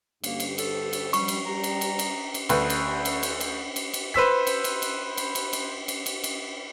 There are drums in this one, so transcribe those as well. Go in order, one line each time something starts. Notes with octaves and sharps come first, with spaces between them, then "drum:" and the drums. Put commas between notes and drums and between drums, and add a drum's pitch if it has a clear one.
G2 D3 A#3, drum: cymbal
drum: cymbal
A4, drum: cymbal
drum: cymbal
G3 C#6, drum: cymbal
drum: cymbal
G3 A#5
drum: cymbal
drum: cymbal
drum: cymbal
drum: cymbal
D2 B4, drum: cymbal
drum: cymbal
drum: cymbal
drum: cymbal
drum: cymbal
drum: cymbal
drum: cymbal
B4 C5 E6 B6
drum: cymbal
drum: cymbal
drum: cymbal
drum: cymbal
drum: cymbal
drum: cymbal
drum: cymbal
drum: cymbal
drum: cymbal